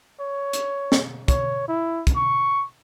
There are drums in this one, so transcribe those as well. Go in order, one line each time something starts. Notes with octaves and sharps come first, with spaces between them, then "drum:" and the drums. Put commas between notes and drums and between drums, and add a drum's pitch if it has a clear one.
C#5
drum: hi-hat
drum: snare
C#5, drum: kick, hi-hat
E4
drum: kick, hi-hat
C#6